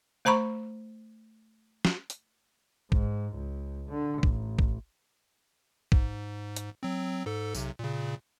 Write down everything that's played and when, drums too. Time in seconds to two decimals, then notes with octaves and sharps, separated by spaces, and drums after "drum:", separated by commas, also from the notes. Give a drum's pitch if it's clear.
0.25 A3 C5 A#5 B5 C#6
1.85 drum: snare
2.10 drum: hi-hat
2.92 G#2, drum: kick
3.34 C#2
3.89 D3
4.23 A1, drum: kick
4.59 drum: kick
5.92 G#2, drum: kick
6.56 drum: hi-hat
6.83 F#3 C4
7.26 G#2 A4
7.55 B1 C3, drum: tambourine
7.79 A#2 C#3